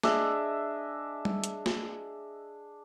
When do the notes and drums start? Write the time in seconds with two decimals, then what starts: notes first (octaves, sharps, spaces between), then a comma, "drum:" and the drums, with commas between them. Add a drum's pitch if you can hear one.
0.03 D4 G#4 D#5 E5, drum: snare
1.25 drum: tom G3
1.44 drum: hi-hat
1.66 drum: snare